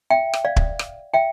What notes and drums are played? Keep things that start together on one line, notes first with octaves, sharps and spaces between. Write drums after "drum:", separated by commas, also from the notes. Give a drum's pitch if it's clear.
E5 G5
drum: rim click
D5 F5
drum: kick
drum: rim click
E5 G5